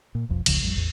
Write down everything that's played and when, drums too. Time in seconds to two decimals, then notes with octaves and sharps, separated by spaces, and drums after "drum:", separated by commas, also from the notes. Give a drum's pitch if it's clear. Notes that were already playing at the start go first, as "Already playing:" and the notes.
0.15 A#2
0.29 E1 B1 F2
0.46 F1 C#2 C#3 F3, drum: cymbal
0.60 A1 F2 G3
0.75 A1 E2